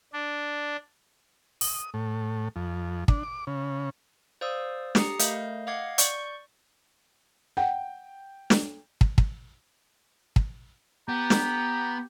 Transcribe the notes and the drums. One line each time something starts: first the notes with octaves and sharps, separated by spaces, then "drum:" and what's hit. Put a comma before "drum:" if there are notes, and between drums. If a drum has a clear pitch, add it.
D4
D#6, drum: open hi-hat
A2
F2
D4, drum: kick
D6
C#3
C5 D5 F5 D#6 E6
G4 A#5 D#6 C7 C#7, drum: snare
A3 A#4 D#5 F5 G6, drum: hi-hat
D#5 F5 F#5 D6 G#6 C7
D5 C#6 G6 C#7, drum: hi-hat
F#5 G5
drum: snare
drum: kick
drum: kick
drum: kick
B3 G4 A#5
drum: snare